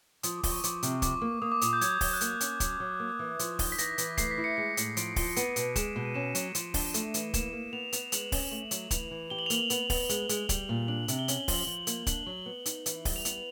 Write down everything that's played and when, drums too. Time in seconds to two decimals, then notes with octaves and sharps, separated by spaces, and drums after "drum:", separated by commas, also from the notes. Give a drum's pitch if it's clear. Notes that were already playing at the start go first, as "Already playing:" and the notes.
0.23 F3 D#6, drum: hi-hat
0.38 D6
0.43 F3, drum: kick, open hi-hat
0.52 C#6
0.64 F3 D6, drum: hi-hat
0.83 C3, drum: hi-hat
1.02 F3 D6, drum: kick, hi-hat
1.22 A#3
1.42 A#3 D#6
1.52 D6
1.61 A#2 D#6, drum: hi-hat
1.73 G6
1.81 F#3 G#6, drum: hi-hat
2.01 F#3, drum: kick, open hi-hat
2.13 F#6
2.21 A#3 G6, drum: hi-hat
2.40 C#4, drum: hi-hat
2.60 F#3, drum: kick, hi-hat
2.80 F#3
3.00 A#3
3.19 E3
3.39 F3, drum: hi-hat
3.59 D#4, drum: kick, open hi-hat
3.72 B6
3.78 E3 A#6, drum: hi-hat
3.98 E3, drum: hi-hat
4.18 A3 C7, drum: kick, hi-hat
4.31 B6
4.38 E4
4.44 C#7
4.57 G#3 C#7
4.77 A2, drum: hi-hat
4.97 F3 D7, drum: hi-hat
5.16 F3, drum: kick, open hi-hat
5.36 B3 D#7, drum: hi-hat
5.56 B2, drum: hi-hat
5.76 G#3 E7, drum: kick, hi-hat
5.96 B2
6.05 D#7
6.15 C#4 E7
6.35 F#3, drum: hi-hat
6.55 F3, drum: hi-hat
6.74 D4, drum: kick, open hi-hat
6.94 A3, drum: hi-hat
7.14 E3, drum: hi-hat
7.34 A#3 E7, drum: kick, hi-hat
7.53 A#3
7.73 B3 F7
7.93 B3, drum: hi-hat
8.12 G#3 F#7, drum: hi-hat
8.32 C#4, drum: kick, open hi-hat
8.51 A3 F#7
8.71 F#3, drum: hi-hat
8.91 E3 F7, drum: kick, hi-hat
9.11 E3
9.30 G4 G7
9.39 F#7
9.46 F7
9.50 A#3 F#7, drum: hi-hat
9.70 B3 F7, drum: hi-hat
9.90 B3, drum: kick, open hi-hat
10.09 G#3 F#7, drum: hi-hat
10.29 G#3, drum: hi-hat
10.37 F7
10.49 G3 F#7, drum: kick, hi-hat
10.69 A#2
10.88 D4 F#7
11.08 C3, drum: hi-hat
11.19 G7
11.28 C#4 F#7, drum: hi-hat
11.40 G7
11.48 F3, drum: kick, open hi-hat
11.54 F#7
11.67 F3
11.87 A#3, drum: hi-hat
12.07 D4 F#7, drum: kick, hi-hat
12.26 F#3
12.46 B3
12.66 D#4, drum: hi-hat
12.86 E3, drum: hi-hat
13.05 G3, drum: kick, open hi-hat
13.16 F7
13.25 B3 F#7, drum: hi-hat